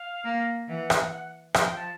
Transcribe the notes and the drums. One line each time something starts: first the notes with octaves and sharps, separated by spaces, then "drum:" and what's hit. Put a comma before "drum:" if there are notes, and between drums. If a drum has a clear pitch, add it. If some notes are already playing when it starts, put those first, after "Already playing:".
Already playing: F5
A#3
E3 F#5
drum: rim click
F3 G5, drum: rim click
A5